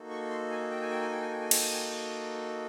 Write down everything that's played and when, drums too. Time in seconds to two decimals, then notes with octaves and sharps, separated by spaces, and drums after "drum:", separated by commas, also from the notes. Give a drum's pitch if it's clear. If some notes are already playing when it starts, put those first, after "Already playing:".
Already playing: A#3 D#4 F#4 A4
0.10 C#6
0.30 C6
0.51 G#5
0.71 G5
0.81 G#5
0.91 G5
1.01 G#5
1.12 G5
1.21 G#5
1.31 G5
1.41 G#5
1.51 G5, drum: cymbal
1.62 G#5
1.71 G5